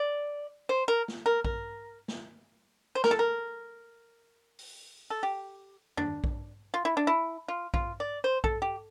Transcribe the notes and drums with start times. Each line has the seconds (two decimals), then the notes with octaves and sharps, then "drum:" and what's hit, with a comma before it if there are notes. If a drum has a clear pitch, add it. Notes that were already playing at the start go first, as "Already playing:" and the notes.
Already playing: D5
0.69 C5
0.88 A#4
1.08 drum: snare
1.26 A#4
1.45 A#4, drum: kick A#1
2.08 drum: snare
2.95 C5
3.04 A#4, drum: snare
3.11 A4
3.19 A#4
4.59 drum: open hi-hat
5.10 A4
5.23 G4
5.97 D4, drum: tom F2
6.24 drum: kick A#1
6.74 F4
6.85 E4
6.97 D4
7.07 E4
7.48 F4
7.74 F4, drum: kick A#1
8.00 D5
8.24 C5
8.44 A4, drum: kick A#1
8.62 G4